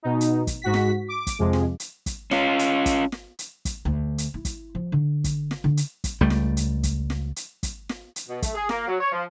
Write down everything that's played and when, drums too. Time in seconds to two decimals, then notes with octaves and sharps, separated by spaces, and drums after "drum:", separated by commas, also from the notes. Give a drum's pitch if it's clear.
0.03 B2 D#4
0.21 drum: hi-hat
0.47 drum: kick, hi-hat
0.62 G#2 F#4 B6
0.74 drum: snare
1.08 D6
1.27 drum: kick, hi-hat
1.39 F2 C3 F3 G#3
1.53 drum: snare
1.80 drum: hi-hat
2.06 drum: kick, hi-hat
2.31 C#4 F4, drum: snare
2.59 drum: hi-hat
2.86 drum: kick, hi-hat
3.12 drum: snare
3.39 drum: hi-hat
3.65 drum: kick, hi-hat
3.85 D2
4.18 drum: hi-hat
4.34 E4
4.45 drum: kick, hi-hat
4.75 F3
4.92 D3
5.24 drum: kick, hi-hat
5.51 drum: snare
5.64 D3
5.77 drum: hi-hat
6.04 drum: kick, hi-hat
6.21 C#2 G3 A3
6.30 drum: snare
6.57 drum: hi-hat
6.83 drum: kick, hi-hat
7.10 drum: snare
7.36 drum: hi-hat
7.63 drum: kick, hi-hat
7.89 drum: snare
8.16 drum: hi-hat
8.29 B2
8.42 A3, drum: kick, hi-hat
8.55 G#4
8.69 A#3, drum: snare
8.88 F#3
9.01 C#5
9.12 F3